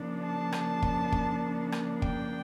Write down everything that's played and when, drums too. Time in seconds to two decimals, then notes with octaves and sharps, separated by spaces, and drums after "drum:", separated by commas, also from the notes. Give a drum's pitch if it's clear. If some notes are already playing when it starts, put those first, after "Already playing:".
Already playing: C#3 F3 A#3 D4
0.22 A5
0.52 drum: rim click
0.82 drum: kick
1.12 drum: kick
1.72 drum: rim click
2.02 G5, drum: kick